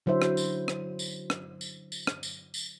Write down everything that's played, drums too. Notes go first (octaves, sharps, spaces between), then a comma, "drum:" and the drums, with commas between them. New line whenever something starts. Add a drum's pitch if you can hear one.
D3 F#3 E4 C5 E5
drum: rim click
drum: tambourine
drum: rim click
drum: tambourine
drum: rim click
drum: tambourine
drum: tambourine
drum: rim click
drum: tambourine
drum: tambourine